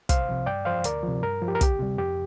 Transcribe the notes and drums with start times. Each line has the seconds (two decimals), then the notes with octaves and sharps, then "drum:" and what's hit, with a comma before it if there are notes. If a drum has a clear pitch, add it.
0.09 C2 C5 F5, drum: kick, hi-hat
0.29 C3 F3
0.46 G2 D5 G5
0.65 F3 C5 F5
0.84 D2 A#4 D5, drum: hi-hat
1.03 C3 F3
1.22 G2 A#4
1.42 F3
1.48 G4
1.55 A#4
1.61 D2 G4, drum: kick, hi-hat
1.79 C3 G3
1.98 F2 G4